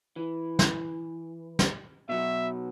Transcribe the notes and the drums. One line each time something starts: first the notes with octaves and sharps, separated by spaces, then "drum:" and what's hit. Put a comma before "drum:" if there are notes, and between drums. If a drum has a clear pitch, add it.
E3
drum: snare
drum: snare
B2 F#3 E5